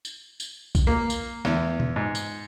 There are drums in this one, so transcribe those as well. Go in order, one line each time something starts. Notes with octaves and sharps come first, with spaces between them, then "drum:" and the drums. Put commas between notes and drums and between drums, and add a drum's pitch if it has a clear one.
drum: tambourine
drum: tambourine
drum: kick B1, tambourine
A#3
drum: tambourine
E2, drum: snare
drum: tom
G#2
drum: tambourine